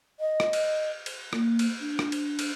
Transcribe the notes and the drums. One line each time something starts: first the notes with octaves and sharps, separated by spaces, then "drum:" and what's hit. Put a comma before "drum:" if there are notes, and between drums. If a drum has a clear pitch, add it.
D#5
drum: rim click
drum: cymbal
drum: cymbal
A#3, drum: rim click
drum: cymbal
D4
drum: rim click
drum: cymbal
drum: cymbal